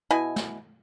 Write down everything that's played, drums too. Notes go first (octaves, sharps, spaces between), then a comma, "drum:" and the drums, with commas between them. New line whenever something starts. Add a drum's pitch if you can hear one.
B2 E4 D#5 G#5
drum: snare